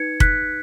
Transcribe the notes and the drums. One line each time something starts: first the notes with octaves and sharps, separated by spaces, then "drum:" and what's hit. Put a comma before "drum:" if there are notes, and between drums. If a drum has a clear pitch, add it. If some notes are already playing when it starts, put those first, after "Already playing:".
Already playing: D#4 B4 G#6 C#7
F#6 B6, drum: kick F1